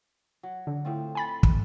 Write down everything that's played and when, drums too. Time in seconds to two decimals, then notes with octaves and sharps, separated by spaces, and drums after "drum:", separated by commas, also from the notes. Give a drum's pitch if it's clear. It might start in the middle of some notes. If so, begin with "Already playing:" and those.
0.43 F#3
0.67 D3
0.85 A2 C4 F4
1.15 G#5 B5 A6
1.43 drum: kick